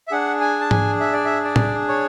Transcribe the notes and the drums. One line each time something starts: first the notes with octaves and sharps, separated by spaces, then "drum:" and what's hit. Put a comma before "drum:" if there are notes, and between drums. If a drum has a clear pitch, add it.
E5
D4 G#4 F#5
G#5
A5
G#5, drum: tom G#2
E5
D5
E5
D5
drum: tom A2
C#5